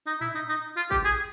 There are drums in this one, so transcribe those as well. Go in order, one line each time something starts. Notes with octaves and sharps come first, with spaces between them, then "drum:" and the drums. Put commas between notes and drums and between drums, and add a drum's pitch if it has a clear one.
D#4
E4, drum: tom A2
D#4
D#4
F4
G4, drum: kick
G#4